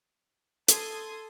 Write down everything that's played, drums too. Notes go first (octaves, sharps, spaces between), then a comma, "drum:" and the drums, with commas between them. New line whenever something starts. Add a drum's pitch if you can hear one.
A4 C6 D#6 G#6, drum: hi-hat